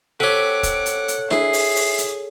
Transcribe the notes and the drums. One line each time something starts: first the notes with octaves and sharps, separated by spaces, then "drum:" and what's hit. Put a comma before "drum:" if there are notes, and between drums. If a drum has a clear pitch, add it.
C4 G4 A4 C#5 F#5 D7
drum: kick E1, hi-hat
drum: hi-hat
drum: hi-hat
E4 G#4 C7, drum: snare D4
drum: open hi-hat
drum: open hi-hat
drum: hi-hat